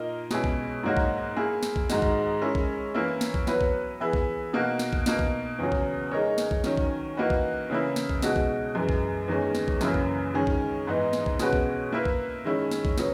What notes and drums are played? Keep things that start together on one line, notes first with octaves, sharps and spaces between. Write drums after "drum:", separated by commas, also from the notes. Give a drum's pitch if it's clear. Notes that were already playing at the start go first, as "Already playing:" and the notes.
Already playing: A#2 A#3 D#4 A#4 D#5
B2 G#3 C#4 E4 G#4, drum: snare
drum: kick A#1
G#2 F#3 A#3 D#4 F#4
drum: kick A#1
A#3 E4 G#4
drum: snare
drum: kick A#1
G#2 D#3 G#3 D#4 F#4, drum: snare
drum: kick A#1
G#3 C#4 E4 A#4
drum: kick A#1
E3 A#3 C#4 E4 A#4
drum: snare
drum: kick A#1
F#3 B3 E4 B4, drum: snare
drum: kick A#1
E3 B3 E4 G#4
drum: kick A#1
B2 A#3 D#4 F#4
drum: snare
drum: kick A#1
B2 A#3 D#4, drum: snare
drum: kick A#1
E2 C#3 F#3
drum: kick A#1
G#3 D#4 A#4 C#5
drum: snare
drum: kick A#1
D#3 F#3 C#4, drum: snare
drum: kick A#1
E3 A#3 D#4 F#4 B4
drum: kick A#1
C#3 E3 A#3 E4
drum: snare
drum: kick A#1
B2 G#3 D#4 F#4, drum: snare
drum: kick A#1
F#2 E3 G#3
drum: kick A#1
E2 D#3 G#3 C#4
drum: snare
drum: kick A#1
F#2 C#3 E3 A#3 E4, drum: snare
drum: kick A#1
D#3 G#3 C#4 G#4
drum: kick A#1
G#2 E3 B3 D#4
drum: snare
drum: kick A#1
B2 G#3 C#4 F#4 B4, drum: snare
drum: kick A#1
A#3 E4 B4 E5
drum: kick A#1
D#3 G#3 C#4 E4
drum: snare
drum: kick A#1
C#3 F#3 B3, drum: snare